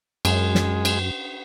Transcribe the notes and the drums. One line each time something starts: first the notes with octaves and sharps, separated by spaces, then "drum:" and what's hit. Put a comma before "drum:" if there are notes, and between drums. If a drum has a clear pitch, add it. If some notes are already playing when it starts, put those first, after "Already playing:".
F#2 G#3, drum: cymbal
drum: snare
drum: cymbal